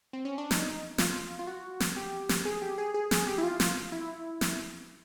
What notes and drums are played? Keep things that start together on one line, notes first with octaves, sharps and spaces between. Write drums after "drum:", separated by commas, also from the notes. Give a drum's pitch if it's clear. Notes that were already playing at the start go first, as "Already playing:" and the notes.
C4
C#4
D4
D#4, drum: snare
F4, drum: snare
F4
F#4
drum: snare
G4
drum: snare
G#4
G4
G#4
G#4
G#4, drum: snare
G4
E4
F4
drum: snare
E4
drum: snare